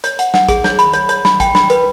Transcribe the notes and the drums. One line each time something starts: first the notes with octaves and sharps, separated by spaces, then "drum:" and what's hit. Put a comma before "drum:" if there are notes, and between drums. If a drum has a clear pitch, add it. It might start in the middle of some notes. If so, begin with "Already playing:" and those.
C#5, drum: hi-hat
F#5, drum: hi-hat
F#5, drum: snare
G#4, drum: kick, hi-hat
C#5, drum: snare
B5, drum: hi-hat
C#5, drum: hi-hat
C#5, drum: hi-hat
B5, drum: snare
G5, drum: kick, hi-hat
B5, drum: snare
B4, drum: hi-hat